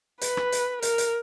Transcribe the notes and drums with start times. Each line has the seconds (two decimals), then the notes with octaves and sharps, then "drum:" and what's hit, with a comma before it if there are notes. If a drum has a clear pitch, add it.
0.21 B4, drum: hi-hat
0.37 drum: rim click
0.52 drum: hi-hat
0.82 A#4, drum: hi-hat
0.98 drum: hi-hat